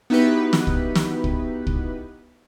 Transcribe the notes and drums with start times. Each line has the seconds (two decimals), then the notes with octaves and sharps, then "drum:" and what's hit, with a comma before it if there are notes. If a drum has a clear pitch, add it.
0.10 B3 D#4 E4 F#4 G4 B4
0.53 drum: snare
0.67 drum: kick
0.95 drum: snare
1.24 drum: kick
1.67 drum: kick